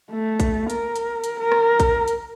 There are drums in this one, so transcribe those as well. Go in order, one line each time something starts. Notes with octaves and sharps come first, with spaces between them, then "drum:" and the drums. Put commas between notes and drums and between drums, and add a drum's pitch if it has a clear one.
A3
drum: kick A#1, hi-hat
A#4, drum: hi-hat
drum: hi-hat
drum: hi-hat
A#4
drum: rim click
drum: kick A#1, hi-hat
drum: hi-hat